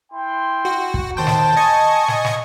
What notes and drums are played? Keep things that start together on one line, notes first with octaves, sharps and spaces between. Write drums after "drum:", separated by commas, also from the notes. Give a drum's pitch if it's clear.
E4 G5 C6
F#4
drum: kick
D#2 C5 G5 A5
drum: snare
D#5 G#5 C#6
drum: snare
drum: snare